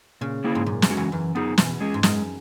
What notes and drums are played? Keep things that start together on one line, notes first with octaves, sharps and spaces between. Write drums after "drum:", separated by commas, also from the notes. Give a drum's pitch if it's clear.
A#2 C#3
A#3 E4 G#4
G#2
F#2 A#2
F#2, drum: snare
G#3 C#4 F#4
E2
F#2 E3
F#2 B3 D#4 G#4
E2 B2, drum: snare
G#3 C#4 G#4
G#2
F#2 G#3, drum: snare